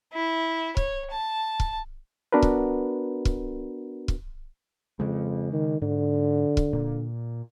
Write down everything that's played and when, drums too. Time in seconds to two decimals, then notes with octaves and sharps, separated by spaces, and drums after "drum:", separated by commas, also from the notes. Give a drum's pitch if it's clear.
0.14 E4
0.77 C#5, drum: kick
1.11 A5
1.60 drum: kick
2.32 B3 D4 F#4 A#4 B4
2.42 drum: kick
3.25 drum: kick
4.08 drum: kick
5.00 F2 C#3 G#3
5.52 D#3
5.82 G#2 D3
6.57 drum: kick
6.73 A#2